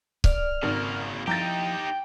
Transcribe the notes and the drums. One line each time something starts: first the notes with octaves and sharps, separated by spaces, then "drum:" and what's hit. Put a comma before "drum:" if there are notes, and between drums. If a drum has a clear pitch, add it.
D5 F6, drum: kick C#1
G#1 C#3 A#3 A#4
F3 D#4 E4 G4 G5 A#5 G6 A6